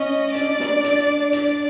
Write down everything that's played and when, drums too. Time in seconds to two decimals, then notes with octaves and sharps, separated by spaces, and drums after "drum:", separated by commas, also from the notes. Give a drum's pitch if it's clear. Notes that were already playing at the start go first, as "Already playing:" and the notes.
Already playing: C#4 D#5
0.35 D4 D5, drum: hi-hat
0.60 drum: snare
0.84 drum: hi-hat
1.33 D5, drum: hi-hat